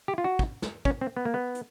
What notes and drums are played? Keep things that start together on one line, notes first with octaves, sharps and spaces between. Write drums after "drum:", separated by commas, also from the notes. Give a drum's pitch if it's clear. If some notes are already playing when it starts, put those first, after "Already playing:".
G4
F4
F#4
drum: kick
drum: snare
C#4, drum: kick
C4
B3
A#3
B3
drum: hi-hat